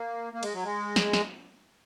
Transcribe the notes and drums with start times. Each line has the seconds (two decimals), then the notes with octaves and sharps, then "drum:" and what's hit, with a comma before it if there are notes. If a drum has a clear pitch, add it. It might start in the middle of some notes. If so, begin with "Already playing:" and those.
Already playing: A#3
0.33 A#3
0.43 G#3, drum: cymbal
0.53 F#3
0.64 G#3
0.96 drum: snare
1.13 drum: snare